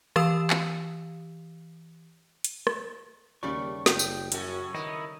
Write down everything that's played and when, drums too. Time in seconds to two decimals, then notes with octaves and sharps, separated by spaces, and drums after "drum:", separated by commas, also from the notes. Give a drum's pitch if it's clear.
0.16 E3 G4 F5 D#6 E6 E7, drum: rim click
0.50 drum: clap
2.44 drum: hi-hat
2.67 drum: rim click
3.43 D#2 C#3 G3 A3 D5 C#6
3.86 F#1 G5, drum: snare
3.99 drum: tambourine
4.32 F#2 A2 C#4 F#4, drum: hi-hat
4.74 D#3 B3 D#4 E4 D#5